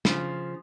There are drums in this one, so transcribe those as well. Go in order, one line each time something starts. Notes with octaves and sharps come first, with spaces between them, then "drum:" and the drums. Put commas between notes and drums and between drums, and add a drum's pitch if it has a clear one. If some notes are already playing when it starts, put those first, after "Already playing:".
C#3 F3, drum: snare